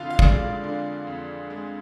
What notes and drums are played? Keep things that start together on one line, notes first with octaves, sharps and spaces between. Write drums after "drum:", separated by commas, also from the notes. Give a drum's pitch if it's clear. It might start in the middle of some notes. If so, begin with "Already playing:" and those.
Already playing: F2 D3 F4 F5
F5
G#3 D5, drum: kick
D3
F2
G#3